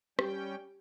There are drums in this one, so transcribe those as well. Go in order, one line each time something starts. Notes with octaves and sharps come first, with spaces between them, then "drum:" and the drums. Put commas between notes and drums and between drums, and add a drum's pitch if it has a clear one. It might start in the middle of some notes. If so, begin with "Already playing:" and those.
G3 C#4 G4 G5, drum: rim click